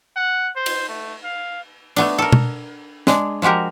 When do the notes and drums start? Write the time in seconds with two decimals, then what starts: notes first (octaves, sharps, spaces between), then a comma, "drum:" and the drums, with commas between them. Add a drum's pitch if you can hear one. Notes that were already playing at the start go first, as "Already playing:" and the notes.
0.16 F#5
0.56 C5
0.66 drum: cymbal
0.88 A3
1.24 F5
1.96 A3 B3 D4, drum: cymbal
2.18 A4 A#4
2.32 drum: tom B2
3.07 G#3 D4, drum: snare
3.42 F3 G#3 F#4 G4 A#4